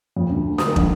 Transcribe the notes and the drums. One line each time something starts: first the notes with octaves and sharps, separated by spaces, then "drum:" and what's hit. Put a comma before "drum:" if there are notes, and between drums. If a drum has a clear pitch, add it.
F2
D2
D#6, drum: snare
A#1, drum: kick